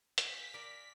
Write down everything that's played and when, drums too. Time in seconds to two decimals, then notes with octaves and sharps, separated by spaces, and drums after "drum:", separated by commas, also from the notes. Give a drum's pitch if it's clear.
0.18 F5 G5 G#5 B6, drum: hi-hat
0.54 A#4 D5